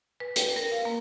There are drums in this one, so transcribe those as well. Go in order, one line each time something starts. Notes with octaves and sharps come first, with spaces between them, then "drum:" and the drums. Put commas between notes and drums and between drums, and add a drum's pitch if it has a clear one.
B4
G5, drum: hi-hat
A#4
F5
A#3